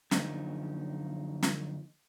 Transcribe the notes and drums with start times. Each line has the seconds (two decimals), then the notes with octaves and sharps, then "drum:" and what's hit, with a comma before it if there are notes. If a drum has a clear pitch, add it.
0.11 F#2 D3 F3 A#3 C4 D#4, drum: snare
1.43 drum: snare